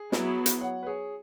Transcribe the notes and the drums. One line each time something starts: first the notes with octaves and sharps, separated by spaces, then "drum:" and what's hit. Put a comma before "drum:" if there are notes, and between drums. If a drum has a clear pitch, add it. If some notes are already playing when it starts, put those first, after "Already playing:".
Already playing: G#4
F#3 B3 E4, drum: snare
drum: hi-hat
C#5 F#5
B4
G#4 C#5